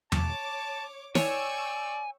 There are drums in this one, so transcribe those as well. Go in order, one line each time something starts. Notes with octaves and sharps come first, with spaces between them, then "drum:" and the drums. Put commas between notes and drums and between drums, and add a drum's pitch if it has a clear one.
C#5 A5 D6, drum: tom E2
C#5 D5 G5 G#5 C#6 E6, drum: snare